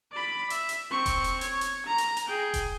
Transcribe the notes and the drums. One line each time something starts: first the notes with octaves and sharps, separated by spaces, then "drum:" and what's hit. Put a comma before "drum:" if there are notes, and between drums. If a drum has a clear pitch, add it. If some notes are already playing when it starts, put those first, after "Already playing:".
D5 B5
E5, drum: hi-hat
drum: hi-hat
C4 C#6
drum: kick E1, hi-hat
drum: hi-hat
C#5, drum: hi-hat
drum: hi-hat
A#5
drum: hi-hat
drum: hi-hat
G#4 G5
drum: kick E1, hi-hat